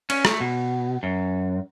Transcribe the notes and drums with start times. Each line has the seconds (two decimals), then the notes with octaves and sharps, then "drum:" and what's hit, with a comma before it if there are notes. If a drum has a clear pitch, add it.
0.10 C#4, drum: cymbal
0.25 A3, drum: rim click
0.40 B2
1.03 F#2